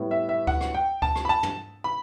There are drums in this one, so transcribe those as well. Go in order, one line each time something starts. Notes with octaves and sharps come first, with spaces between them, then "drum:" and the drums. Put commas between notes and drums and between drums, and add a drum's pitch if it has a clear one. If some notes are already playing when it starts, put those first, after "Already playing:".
Already playing: A2 G3 B3
E5
E5
F#5, drum: kick D2
drum: rim click
G5
A5, drum: kick D2
drum: rim click
B5
A5
drum: tom
B5